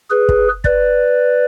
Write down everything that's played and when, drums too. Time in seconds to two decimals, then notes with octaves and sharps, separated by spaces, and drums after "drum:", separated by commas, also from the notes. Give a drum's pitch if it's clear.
0.10 G#4 B4
0.29 drum: kick
0.64 B4 D5, drum: kick